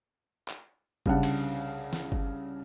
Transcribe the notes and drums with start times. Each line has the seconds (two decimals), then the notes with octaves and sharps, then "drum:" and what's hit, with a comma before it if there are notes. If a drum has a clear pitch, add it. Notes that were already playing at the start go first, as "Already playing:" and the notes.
0.48 drum: clap
1.06 C2 C#3 D4 F#5, drum: kick G1
1.23 drum: cymbal
1.93 drum: snare
2.12 drum: kick G1